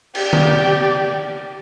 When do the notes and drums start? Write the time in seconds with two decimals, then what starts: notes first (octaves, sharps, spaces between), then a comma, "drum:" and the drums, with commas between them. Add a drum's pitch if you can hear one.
0.15 G4 D5, drum: cymbal
0.33 drum: tom D3